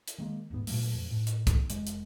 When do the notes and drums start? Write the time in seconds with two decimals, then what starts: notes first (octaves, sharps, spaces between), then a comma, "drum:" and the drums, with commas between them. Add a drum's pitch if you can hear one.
0.08 drum: hi-hat
0.18 D#3 G#3 A#3
0.50 D#1 G#2 B3
0.67 A#2 F#3 A3, drum: open hi-hat
0.94 F2
1.11 A2
1.27 drum: hi-hat
1.47 drum: kick, hi-hat
1.70 F1 G#3, drum: hi-hat
1.87 drum: hi-hat